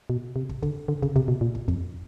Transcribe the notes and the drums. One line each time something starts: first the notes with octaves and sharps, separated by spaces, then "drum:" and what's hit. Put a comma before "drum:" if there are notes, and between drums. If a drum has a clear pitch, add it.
B2
C3
drum: kick
D3, drum: kick
D3
C#3, drum: kick
C3, drum: kick
B2
A#2
drum: kick
F2, drum: kick